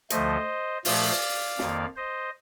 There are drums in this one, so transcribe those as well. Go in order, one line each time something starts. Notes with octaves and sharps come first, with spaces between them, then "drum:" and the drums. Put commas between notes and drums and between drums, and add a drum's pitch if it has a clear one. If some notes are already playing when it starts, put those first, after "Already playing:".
D2 D3 F3 A3 C5 D#5, drum: hi-hat
A#2 F3 A3 D5 F5, drum: open hi-hat
F2 D#3 A#3, drum: snare
C5 D#5